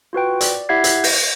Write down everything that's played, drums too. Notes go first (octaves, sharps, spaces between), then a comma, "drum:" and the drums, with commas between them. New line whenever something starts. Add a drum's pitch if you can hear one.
F4 F#4 B4 G5
D5, drum: hi-hat
E4 G4 E5 F#5 G#6 C7
drum: hi-hat
G6 A#6, drum: open hi-hat